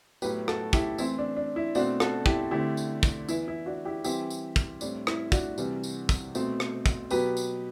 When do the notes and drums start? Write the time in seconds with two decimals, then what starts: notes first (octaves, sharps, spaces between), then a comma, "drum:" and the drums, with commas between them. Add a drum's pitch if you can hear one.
0.22 A2 F#3 B3 G4 B4, drum: tambourine
0.48 F#4 A4, drum: rim click
0.73 E4 G4, drum: kick, tambourine
0.98 E3 A3 C4 E4, drum: tambourine
1.18 D4
1.36 D4
1.56 E4
1.75 B2 A3 C4 D4 F#4, drum: tambourine
2.00 F#4 A4, drum: rim click
2.26 E4 G4, drum: kick
2.51 D3 A3 C4 E4 G4
2.77 drum: tambourine
3.03 drum: kick, tambourine
3.29 E3 B3 E4, drum: tambourine
3.48 E4
3.66 D4 F#4
3.85 E4 G4
4.04 E3 G3 C4 E4 G4, drum: tambourine
4.30 drum: tambourine
4.56 drum: kick, tambourine
4.81 A2 G3 C4 D4, drum: tambourine
5.07 E4, drum: rim click
5.32 D4 F#4, drum: kick, tambourine
5.58 C3 E3 G3, drum: tambourine
5.84 drum: tambourine
6.09 drum: kick, tambourine
6.35 B2 A3 C4, drum: tambourine
6.60 drum: rim click
6.86 drum: kick, tambourine
7.11 B2 F#3 B3 G4 B4, drum: tambourine
7.37 drum: tambourine